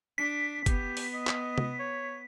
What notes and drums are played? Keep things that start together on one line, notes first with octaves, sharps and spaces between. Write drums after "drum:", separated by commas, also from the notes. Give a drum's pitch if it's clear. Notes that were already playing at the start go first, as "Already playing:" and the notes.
D4 B6
B3 G4, drum: kick G1, hi-hat
drum: open hi-hat
D#5
drum: clap
drum: tom C3
C#5